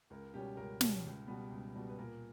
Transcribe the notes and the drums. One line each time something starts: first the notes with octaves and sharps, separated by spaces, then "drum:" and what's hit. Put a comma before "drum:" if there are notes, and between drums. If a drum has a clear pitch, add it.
C#2 A#4
B2 G3 C#4 G4
C#2 A#4
B2 G3 C#4, drum: snare
C#2
B2 G3 B3
C#2
B2 G3 B3
B4
A#2 A#4